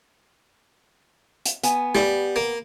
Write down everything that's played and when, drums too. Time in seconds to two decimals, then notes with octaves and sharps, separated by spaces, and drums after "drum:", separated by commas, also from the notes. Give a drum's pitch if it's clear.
1.46 drum: hi-hat
1.63 B3 G#5, drum: hi-hat
1.95 G3, drum: snare
2.36 A#3